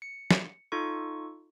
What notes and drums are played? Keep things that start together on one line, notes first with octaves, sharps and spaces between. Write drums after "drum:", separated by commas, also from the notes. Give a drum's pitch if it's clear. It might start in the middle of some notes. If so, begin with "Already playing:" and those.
C#7
drum: snare
D#4 F4 A4 C#6